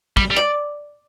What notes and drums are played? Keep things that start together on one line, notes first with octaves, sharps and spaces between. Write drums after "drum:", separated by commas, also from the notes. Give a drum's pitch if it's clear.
G3, drum: kick
G3
D5